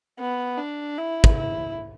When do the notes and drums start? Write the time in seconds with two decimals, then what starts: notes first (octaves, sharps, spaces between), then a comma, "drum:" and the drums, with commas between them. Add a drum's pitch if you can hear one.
0.19 B3
0.58 D4
0.98 E4
1.24 drum: kick
1.37 E4